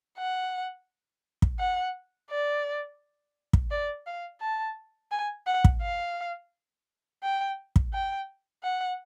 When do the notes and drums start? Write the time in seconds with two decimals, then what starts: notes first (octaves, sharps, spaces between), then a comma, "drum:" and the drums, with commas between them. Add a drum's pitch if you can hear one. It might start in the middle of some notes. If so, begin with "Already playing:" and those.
0.19 F#5
1.42 drum: kick
1.59 F#5
2.30 D5
3.53 drum: kick
3.71 D5
4.07 F5
4.41 A5
5.11 G#5
5.47 F#5
5.65 drum: kick
5.82 F5
7.23 G5
7.76 drum: kick
7.94 G5
8.63 F#5